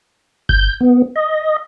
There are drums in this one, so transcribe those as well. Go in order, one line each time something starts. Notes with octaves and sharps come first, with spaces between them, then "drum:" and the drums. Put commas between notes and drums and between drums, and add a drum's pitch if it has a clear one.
G6, drum: kick G1
B3
D#5